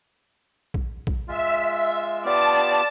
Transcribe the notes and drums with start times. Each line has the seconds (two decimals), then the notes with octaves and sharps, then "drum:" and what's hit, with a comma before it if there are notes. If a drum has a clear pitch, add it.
0.74 drum: kick A#1
1.07 drum: kick A#1
1.28 G#3 F4 E5
2.25 B3 F4 G4 D5 A5